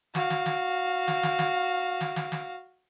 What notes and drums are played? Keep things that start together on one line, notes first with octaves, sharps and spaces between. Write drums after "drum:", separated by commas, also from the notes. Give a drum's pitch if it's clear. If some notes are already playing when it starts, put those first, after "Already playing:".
F#4 F5, drum: snare
drum: snare
drum: snare
drum: snare
drum: snare
drum: snare
drum: snare
drum: snare
drum: snare